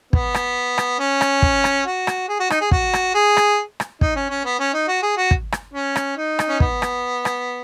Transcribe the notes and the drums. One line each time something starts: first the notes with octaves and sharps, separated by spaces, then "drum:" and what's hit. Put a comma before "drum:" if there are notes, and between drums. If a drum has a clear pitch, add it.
B3, drum: kick
drum: rim click
drum: rim click
C#4
drum: rim click
drum: kick
drum: rim click
F#4
drum: rim click
G#4
F#4
D#4, drum: rim click
G#4
F#4, drum: kick
drum: rim click
G#4
drum: rim click
drum: rim click
D#4, drum: kick
C#4
C#4
B3
C#4
D#4
F#4
G#4
F#4
drum: kick
drum: rim click
C#4
drum: rim click
D#4
drum: rim click
C#4
B3, drum: kick
drum: rim click
drum: rim click